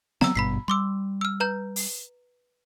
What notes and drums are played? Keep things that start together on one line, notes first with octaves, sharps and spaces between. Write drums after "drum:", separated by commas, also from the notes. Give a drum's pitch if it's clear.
F#3 B3 C4 A#5 E6, drum: snare
G#1 G2 B2 B5 B6 C7
G3 C6 D6 E6
E6 F6
B4 A#5 G6
drum: open hi-hat